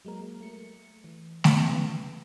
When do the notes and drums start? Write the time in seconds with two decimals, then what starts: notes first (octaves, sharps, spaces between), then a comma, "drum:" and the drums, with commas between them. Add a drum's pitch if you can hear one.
0.05 F#3 G#3 A#3 A#4
0.41 A3 C#7
1.04 E3
1.44 drum: snare A3
1.67 C#3 B3